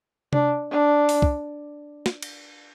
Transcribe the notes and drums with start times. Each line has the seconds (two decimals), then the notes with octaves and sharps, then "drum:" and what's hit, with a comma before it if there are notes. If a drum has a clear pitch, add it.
0.33 D4, drum: tom C3
0.71 D4
1.09 drum: open hi-hat
1.22 drum: kick
2.06 drum: snare
2.23 drum: cymbal